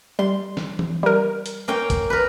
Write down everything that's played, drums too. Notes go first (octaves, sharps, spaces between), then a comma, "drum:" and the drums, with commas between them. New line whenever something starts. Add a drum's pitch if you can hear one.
G3 C6
drum: snare
drum: tom E3
G3 A#4
drum: hi-hat
A#3 C#4 G5
drum: kick A#1, hi-hat
A#4 B4